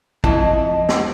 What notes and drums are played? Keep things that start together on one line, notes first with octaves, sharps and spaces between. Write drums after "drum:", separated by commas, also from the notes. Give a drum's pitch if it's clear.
F2 E4 D#5 A5, drum: kick
drum: snare